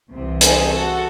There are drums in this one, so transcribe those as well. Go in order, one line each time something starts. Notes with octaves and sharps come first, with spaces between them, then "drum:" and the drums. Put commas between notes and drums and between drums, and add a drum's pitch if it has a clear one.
C2 C3 E3
G#4 C5, drum: hi-hat
F#4 A4